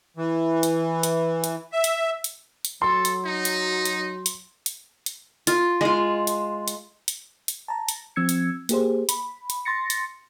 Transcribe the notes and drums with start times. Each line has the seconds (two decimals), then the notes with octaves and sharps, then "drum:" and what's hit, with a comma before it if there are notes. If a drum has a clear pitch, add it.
0.17 E3
0.63 drum: hi-hat
1.03 drum: hi-hat
1.44 drum: hi-hat
1.72 E5
1.84 drum: hi-hat
2.24 drum: hi-hat
2.65 drum: hi-hat
2.82 F#3 A4 C6
3.05 drum: hi-hat
3.25 D#4
3.45 drum: hi-hat
3.86 drum: hi-hat
4.26 drum: hi-hat
4.66 drum: hi-hat
5.06 drum: hi-hat
5.47 F4, drum: hi-hat
5.81 G#3 F4
6.27 drum: hi-hat
6.68 drum: hi-hat
7.08 drum: hi-hat
7.48 drum: hi-hat
7.68 A5 A#5
7.89 drum: hi-hat
8.16 F3 C4 E6 G#6 C#7
8.29 drum: hi-hat
8.69 A#3 G4 G#4 C5, drum: hi-hat
9.09 B5, drum: hi-hat
9.50 drum: hi-hat
9.65 C6 A6 A#6 C#7
9.90 drum: hi-hat